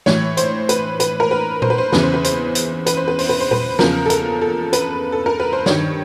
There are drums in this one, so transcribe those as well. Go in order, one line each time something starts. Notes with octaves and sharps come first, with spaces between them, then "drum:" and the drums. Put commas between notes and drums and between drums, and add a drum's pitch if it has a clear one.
A2 E3 C#5, drum: snare
C5, drum: hi-hat
B4, drum: hi-hat
B4, drum: hi-hat
A#4
B4
C5, drum: tom A#2
B4
C5
E2 C#3 E3 B4, drum: snare
C5
B4
C5, drum: hi-hat
drum: hi-hat
B4, drum: hi-hat
C5
B4
C5, drum: open hi-hat
B4
C5
B4, drum: tom A#2
E2 C#3 F3 A#4, drum: snare
A4
A#4, drum: hi-hat
A4
B4, drum: hi-hat
A4
A#4
B4
C5
G2 D#3 C#5, drum: snare